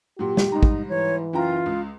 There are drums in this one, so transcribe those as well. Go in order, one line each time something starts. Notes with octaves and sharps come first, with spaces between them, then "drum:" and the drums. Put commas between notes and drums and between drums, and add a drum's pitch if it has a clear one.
A#2 F#3 G4
drum: snare
G#2 G3 D#4 A#5
drum: kick
E3 C#5
F#1 F4 G5 A#5
C#2